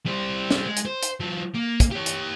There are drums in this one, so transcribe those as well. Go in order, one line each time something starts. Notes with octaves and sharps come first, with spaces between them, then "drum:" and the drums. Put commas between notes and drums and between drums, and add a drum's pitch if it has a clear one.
G3 C5
drum: snare
G#3
drum: hi-hat
C5
drum: hi-hat
F#3 F4
A#3
drum: kick, hi-hat
G4 C#5
drum: hi-hat